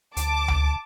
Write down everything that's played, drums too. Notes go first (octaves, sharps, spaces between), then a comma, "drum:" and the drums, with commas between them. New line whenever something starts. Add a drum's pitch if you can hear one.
D2 A5 D6, drum: hi-hat
drum: tom C#2